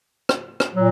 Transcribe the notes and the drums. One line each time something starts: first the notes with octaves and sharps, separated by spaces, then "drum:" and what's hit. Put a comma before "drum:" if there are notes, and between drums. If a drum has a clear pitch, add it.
drum: rim click
drum: rim click
A#2 F#3